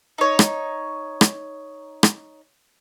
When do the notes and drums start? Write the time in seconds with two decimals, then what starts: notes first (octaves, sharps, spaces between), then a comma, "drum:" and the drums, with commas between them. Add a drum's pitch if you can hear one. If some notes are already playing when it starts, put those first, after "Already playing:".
0.18 D#4 C#5
0.39 drum: rim click
1.21 drum: rim click
2.03 drum: rim click